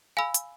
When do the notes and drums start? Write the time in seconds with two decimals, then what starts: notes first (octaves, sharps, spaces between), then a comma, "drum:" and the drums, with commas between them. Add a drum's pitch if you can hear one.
0.17 F5 G#5 B5 E6
0.34 drum: hi-hat